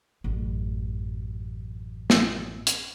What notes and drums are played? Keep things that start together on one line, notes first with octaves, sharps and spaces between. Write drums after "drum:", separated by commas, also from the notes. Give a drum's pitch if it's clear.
A1 F#2
drum: snare
drum: hi-hat